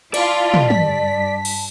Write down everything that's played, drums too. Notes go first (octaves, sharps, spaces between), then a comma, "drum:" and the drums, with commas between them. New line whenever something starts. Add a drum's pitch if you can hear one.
E4 F4 D5 A5, drum: cymbal
drum: tom
G2 B6, drum: tom
drum: cymbal